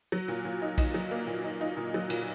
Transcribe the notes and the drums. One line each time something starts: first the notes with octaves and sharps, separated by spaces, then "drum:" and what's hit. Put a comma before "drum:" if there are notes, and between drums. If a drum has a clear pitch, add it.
F#3
A#2
A#2
D#4
D#4, drum: kick A#1, cymbal
F#3
A#3
A#2
D#4
D#4
A#2
F#3
A#2, drum: cymbal